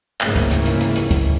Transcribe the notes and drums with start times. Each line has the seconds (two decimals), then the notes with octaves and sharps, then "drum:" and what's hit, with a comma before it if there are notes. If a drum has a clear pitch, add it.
0.21 F1 G#2 C#3 E3 A#3 C#4, drum: clap
0.36 drum: kick D2, hi-hat
0.51 drum: hi-hat
0.66 drum: hi-hat
0.81 drum: hi-hat
0.96 drum: hi-hat
1.11 drum: kick D2, hi-hat